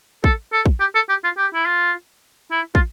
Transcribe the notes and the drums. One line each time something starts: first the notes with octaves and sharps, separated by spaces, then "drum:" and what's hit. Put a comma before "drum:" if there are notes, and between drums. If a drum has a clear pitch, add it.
A4, drum: kick
A4
drum: kick
G4
A4
G4
F4
G4
E4
F4
E4
F4, drum: kick